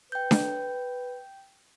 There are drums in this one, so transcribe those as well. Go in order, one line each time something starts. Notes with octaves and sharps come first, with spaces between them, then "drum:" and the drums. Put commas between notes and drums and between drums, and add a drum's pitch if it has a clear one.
B4 G5 G6
drum: snare D4